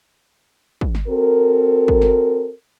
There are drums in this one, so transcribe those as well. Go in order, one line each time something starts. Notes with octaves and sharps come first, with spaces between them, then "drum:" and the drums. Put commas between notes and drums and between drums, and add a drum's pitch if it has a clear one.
drum: kick
drum: snare
C4 F#4 A4 A#4
drum: kick
drum: snare